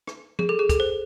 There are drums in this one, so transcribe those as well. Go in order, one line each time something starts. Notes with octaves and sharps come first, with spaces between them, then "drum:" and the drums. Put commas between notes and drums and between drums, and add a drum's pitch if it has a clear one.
drum: rim click
G#4, drum: tom F3
A4
G#4
A4, drum: kick, hi-hat
C5